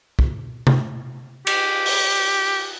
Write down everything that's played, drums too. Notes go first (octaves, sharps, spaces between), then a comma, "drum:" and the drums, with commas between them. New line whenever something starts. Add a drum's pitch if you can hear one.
drum: kick
drum: tom C3
G4, drum: cymbal
drum: open hi-hat